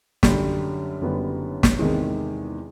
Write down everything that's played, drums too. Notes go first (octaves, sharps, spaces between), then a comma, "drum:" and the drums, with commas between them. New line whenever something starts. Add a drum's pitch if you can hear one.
F#2 D3 G3, drum: snare
F#1 F#2 D3 G3 B3
drum: snare
E2 C3 D#3 G#3